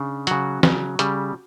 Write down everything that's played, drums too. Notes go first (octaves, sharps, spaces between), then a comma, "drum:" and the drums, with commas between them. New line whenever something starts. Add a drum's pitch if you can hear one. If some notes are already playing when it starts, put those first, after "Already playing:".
Already playing: C#3 D4
C#3 F#3 F#4, drum: hi-hat
C#3 F#3, drum: snare
C#3 G3, drum: hi-hat